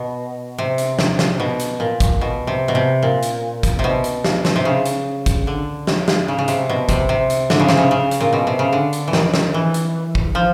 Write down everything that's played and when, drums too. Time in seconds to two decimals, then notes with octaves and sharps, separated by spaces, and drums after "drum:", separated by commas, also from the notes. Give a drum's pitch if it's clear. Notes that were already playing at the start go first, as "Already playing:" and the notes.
Already playing: B2
0.58 C3
0.78 drum: hi-hat
0.99 drum: snare
1.19 drum: snare
1.40 B2
1.60 drum: hi-hat
1.80 A#2
2.00 drum: kick, hi-hat
2.21 B2
2.47 C3
2.68 B2
2.75 C3
3.02 A#2
3.23 drum: hi-hat
3.63 drum: kick, hi-hat
3.79 C3
3.84 B2
4.04 drum: hi-hat
4.24 drum: snare
4.45 drum: snare
4.56 C3
4.65 C#3
4.86 drum: hi-hat
5.26 drum: kick, hi-hat
5.47 D3
5.87 drum: snare
6.08 drum: snare
6.28 C#3
6.39 C#3
6.48 C3, drum: hi-hat
6.69 B2
6.89 C3, drum: kick, hi-hat
7.09 C3
7.30 drum: hi-hat
7.50 D3, drum: snare
7.59 C#3
7.69 C3, drum: snare
7.77 C#3
7.91 C#3
8.11 drum: hi-hat
8.20 A#2
8.33 B2
8.47 C3
8.59 C#3
8.73 D3
8.93 drum: hi-hat
9.08 E3
9.13 D#3, drum: snare
9.34 drum: snare
9.54 E3
9.74 drum: hi-hat
10.15 drum: kick
10.35 F3